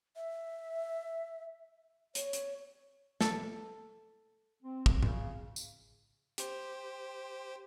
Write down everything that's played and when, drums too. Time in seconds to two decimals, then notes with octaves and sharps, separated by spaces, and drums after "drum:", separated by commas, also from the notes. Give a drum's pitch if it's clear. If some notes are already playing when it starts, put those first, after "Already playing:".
0.16 E5
2.15 C#5, drum: hi-hat
2.33 drum: hi-hat
3.21 A4, drum: snare
4.62 C4
4.86 drum: kick
5.03 C#3, drum: tom G#2
5.56 drum: tambourine
6.38 G4 C5, drum: hi-hat